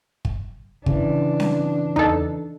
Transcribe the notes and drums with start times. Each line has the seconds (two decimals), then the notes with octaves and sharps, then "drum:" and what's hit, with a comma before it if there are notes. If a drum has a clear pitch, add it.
0.25 drum: kick
0.86 C#3 E3 D4, drum: kick
1.40 drum: snare C4
1.96 D#4 A4, drum: tom E2